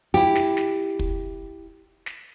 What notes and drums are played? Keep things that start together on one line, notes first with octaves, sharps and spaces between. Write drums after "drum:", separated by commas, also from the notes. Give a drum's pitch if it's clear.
E4 G4
drum: snare
drum: snare
drum: kick
drum: snare